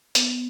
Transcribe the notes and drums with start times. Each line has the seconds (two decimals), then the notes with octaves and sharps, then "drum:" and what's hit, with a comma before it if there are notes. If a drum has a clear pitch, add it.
0.15 B3, drum: hi-hat